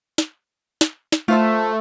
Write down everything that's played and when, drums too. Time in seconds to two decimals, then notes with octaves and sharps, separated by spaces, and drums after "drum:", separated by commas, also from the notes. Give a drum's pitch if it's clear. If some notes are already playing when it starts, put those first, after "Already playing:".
0.18 drum: snare
0.81 drum: snare
1.12 drum: snare
1.28 A3 F4 C5 E5